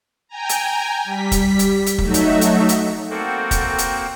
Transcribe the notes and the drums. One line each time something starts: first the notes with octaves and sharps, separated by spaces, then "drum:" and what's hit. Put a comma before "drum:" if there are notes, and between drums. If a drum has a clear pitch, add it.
G5 G#5 A#5
drum: hi-hat
G3 B6
drum: kick, hi-hat
drum: hi-hat
drum: hi-hat
F#3 A3 D#4 F#4 E5, drum: kick
drum: hi-hat
drum: hi-hat
drum: hi-hat
A#3 C4 F#4 A4 F#5 G5
drum: kick, hi-hat
drum: hi-hat